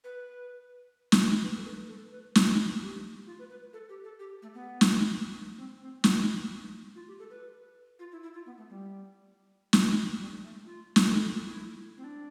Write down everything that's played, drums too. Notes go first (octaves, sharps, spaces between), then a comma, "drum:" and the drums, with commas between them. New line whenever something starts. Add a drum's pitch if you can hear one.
B4
drum: snare
B4
A4
B4
A4
B4
D4, drum: snare
C4
D4
E4
G4
F4
B4
B4
A4
G4
A4
G4
A3
B3
drum: snare
C4
C4
B3, drum: snare
E4
F4
G4
A4
B4
F4
E4
E4
F4
B3
A3
G3
drum: snare
G3
A3
F4
drum: snare
A4
A4
F4
E4
C4
D4